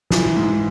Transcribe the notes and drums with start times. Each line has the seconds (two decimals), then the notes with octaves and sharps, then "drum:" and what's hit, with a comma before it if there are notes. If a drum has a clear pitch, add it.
0.11 E3, drum: snare
0.36 G#2